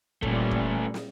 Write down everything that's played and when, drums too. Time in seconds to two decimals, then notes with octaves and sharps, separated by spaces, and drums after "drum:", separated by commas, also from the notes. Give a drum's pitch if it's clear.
0.23 A#2 G3 A3 C#4, drum: kick
0.51 drum: kick
0.94 drum: snare